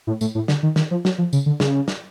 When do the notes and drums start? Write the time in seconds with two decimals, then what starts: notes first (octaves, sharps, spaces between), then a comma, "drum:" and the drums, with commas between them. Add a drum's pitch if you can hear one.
0.07 A2
0.21 A2, drum: tambourine
0.35 A2
0.48 D3, drum: snare
0.63 D#3
0.76 D#3, drum: snare
0.91 F3
1.05 F#3, drum: snare
1.18 F3
1.33 C#3, drum: tambourine
1.46 D3
1.60 C#3, drum: snare
1.88 drum: snare